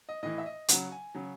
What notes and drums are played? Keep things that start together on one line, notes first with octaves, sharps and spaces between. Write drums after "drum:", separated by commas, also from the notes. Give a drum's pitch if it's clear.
D#5
A2 E3 D#5
E5
D#5
C#3 F#3 F#5, drum: hi-hat
G#5
C#3 F#3